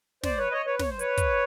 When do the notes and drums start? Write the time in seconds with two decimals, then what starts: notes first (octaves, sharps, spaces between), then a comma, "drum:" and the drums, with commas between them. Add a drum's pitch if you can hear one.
0.23 C5 D5, drum: snare
0.38 B4 C#5
0.51 C#5 D#5
0.66 B4 C#5
0.79 C#5, drum: snare
0.90 C5
0.99 B4 C#5, drum: hi-hat
1.17 drum: kick, hi-hat